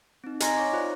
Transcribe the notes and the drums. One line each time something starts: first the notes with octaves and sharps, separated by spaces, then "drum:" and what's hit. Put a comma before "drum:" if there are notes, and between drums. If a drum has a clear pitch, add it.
C4 D#4
D#5 G#5 A#5 C6 G#6 A#6, drum: hi-hat
C#5 F#5 C#6 D6
D#4 F4 C5 D5 F5 F#6